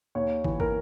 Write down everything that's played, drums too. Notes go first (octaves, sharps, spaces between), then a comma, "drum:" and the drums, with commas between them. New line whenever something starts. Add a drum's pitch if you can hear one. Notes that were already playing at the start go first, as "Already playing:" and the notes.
D#2 C#5
E3, drum: kick
A#4, drum: kick